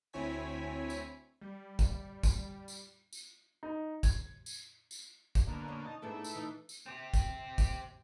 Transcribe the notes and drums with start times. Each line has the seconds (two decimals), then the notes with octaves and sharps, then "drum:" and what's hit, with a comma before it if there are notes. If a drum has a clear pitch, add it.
0.13 D2 C4 E4 C#5 G#5 B6
0.90 drum: tambourine
1.41 G3
1.79 drum: kick, tambourine
2.23 drum: kick, tambourine
2.68 drum: tambourine
3.13 drum: tambourine
3.63 D#4
4.03 G#6, drum: kick, tambourine
4.46 drum: tambourine
4.91 drum: tambourine
5.35 drum: kick, tambourine
5.47 B2 D3 A#3
5.68 C#4
5.85 D#4 A5
6.02 G#2 A3 B3 D4 E4
6.24 drum: tambourine
6.35 E3 D#4
6.69 drum: tambourine
6.86 C4 G4
7.14 drum: kick, tambourine
7.58 drum: kick, tambourine